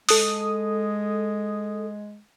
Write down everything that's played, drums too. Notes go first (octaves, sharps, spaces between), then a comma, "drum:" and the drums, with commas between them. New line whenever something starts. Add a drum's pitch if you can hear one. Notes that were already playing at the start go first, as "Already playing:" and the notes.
G#3 A4 D#6, drum: open hi-hat